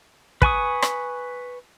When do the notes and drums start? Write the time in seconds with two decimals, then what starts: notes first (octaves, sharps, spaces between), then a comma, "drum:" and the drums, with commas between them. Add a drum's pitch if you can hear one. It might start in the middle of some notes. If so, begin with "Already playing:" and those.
0.42 B4 G#5 C#6 D#6, drum: kick
0.82 drum: rim click